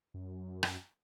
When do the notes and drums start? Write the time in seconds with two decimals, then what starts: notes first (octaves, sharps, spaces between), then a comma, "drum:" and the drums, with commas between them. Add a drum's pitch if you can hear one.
0.14 F#2
0.63 drum: rim click